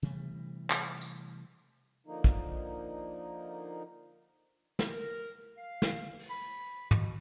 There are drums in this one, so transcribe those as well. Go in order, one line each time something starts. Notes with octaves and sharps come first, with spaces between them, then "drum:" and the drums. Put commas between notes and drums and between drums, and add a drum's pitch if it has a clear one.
C3 E3 G3 A3
drum: clap
drum: tambourine
D3 F3 A#3 D#4
drum: kick
drum: snare
A#4
F5
drum: snare
drum: open hi-hat
B5
B2, drum: tom